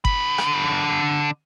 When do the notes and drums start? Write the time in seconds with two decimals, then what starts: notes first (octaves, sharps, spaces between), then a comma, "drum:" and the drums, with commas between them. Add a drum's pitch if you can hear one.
0.05 D3 B5, drum: kick G1
0.38 drum: rim click